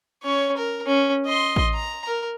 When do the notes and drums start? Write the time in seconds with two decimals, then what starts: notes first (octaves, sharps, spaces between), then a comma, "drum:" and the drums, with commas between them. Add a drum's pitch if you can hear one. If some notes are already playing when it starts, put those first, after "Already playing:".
0.23 C#4 C#5
0.57 A#4
0.87 C#4
1.26 D#5 C6
1.56 drum: kick A1
1.74 A#5
2.07 A#4